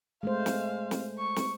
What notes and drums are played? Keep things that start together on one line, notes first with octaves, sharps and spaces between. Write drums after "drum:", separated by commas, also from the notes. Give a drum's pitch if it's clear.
G#3 A3 C5 F5
drum: snare
drum: snare
C#6
drum: snare